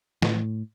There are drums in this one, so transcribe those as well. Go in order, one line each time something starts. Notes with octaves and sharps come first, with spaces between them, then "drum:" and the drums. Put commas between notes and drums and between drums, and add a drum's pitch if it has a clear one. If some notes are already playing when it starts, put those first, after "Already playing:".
A2, drum: snare